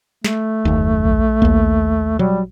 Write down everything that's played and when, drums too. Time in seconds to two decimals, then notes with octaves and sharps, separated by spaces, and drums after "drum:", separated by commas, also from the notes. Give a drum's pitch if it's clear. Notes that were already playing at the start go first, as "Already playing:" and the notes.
0.24 A3, drum: snare
0.65 F#1 D#2
1.05 drum: kick A#1
1.42 D#2 A#3, drum: kick A#1
2.19 F#3 G3, drum: tom A#2